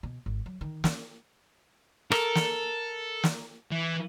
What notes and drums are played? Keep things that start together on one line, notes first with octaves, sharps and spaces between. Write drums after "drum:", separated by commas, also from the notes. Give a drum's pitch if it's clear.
B2
G#1
F#3
D#3
C#4, drum: snare
A4 A#4, drum: rim click
drum: snare
drum: snare
E3